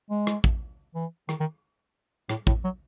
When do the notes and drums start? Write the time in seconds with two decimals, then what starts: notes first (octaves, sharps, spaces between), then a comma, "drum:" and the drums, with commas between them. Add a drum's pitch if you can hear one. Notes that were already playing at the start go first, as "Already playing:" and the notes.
0.10 G#3
0.27 drum: rim click
0.44 drum: kick
0.95 E3
1.29 D#3, drum: rim click
1.40 D#3
2.29 A2, drum: rim click
2.47 A2, drum: kick
2.64 F#3